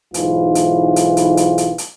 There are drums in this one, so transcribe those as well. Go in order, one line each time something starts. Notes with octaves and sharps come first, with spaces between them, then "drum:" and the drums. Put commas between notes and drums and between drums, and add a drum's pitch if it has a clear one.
B1 G#2 E3 F4, drum: hi-hat
drum: hi-hat
drum: hi-hat
drum: hi-hat
drum: hi-hat
drum: hi-hat
drum: hi-hat